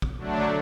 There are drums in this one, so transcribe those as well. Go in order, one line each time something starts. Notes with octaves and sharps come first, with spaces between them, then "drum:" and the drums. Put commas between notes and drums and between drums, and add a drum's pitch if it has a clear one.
drum: kick
D3 F#3 A3 D4